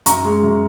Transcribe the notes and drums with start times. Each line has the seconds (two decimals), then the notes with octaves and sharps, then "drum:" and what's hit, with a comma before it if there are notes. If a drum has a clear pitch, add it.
0.06 F#2 A#5 C#6, drum: hi-hat
0.25 G#3
0.43 F#2